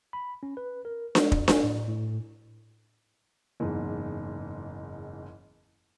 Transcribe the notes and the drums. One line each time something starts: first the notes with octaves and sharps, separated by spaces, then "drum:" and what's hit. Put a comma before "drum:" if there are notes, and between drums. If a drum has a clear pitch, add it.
B5
C#4
B4
A#4
G#3, drum: snare D4
F2, drum: kick
G#5, drum: snare D4
A2
A2
F#1 E2 G#2